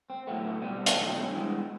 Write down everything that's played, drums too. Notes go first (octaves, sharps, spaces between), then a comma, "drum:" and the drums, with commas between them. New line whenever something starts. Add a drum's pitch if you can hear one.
C4
A2 F#3 A3 B3
B3
B2 G3 C4
drum: hi-hat
E2 B2 F#3 A3 A#3
C4
C#4
G2 E3 G#3 C4
B3